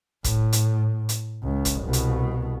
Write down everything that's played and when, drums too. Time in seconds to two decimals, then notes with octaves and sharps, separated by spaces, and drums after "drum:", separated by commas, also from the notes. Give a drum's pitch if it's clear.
0.24 A2, drum: kick, hi-hat
0.53 drum: hi-hat
1.09 drum: hi-hat
1.43 C#2
1.65 drum: kick, hi-hat
1.82 C2 B2
1.93 drum: hi-hat